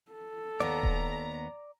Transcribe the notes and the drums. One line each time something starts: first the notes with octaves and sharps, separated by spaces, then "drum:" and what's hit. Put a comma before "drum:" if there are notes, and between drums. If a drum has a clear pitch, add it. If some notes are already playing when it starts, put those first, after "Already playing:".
A4
D#2 B3 D5 A#5
drum: kick D#1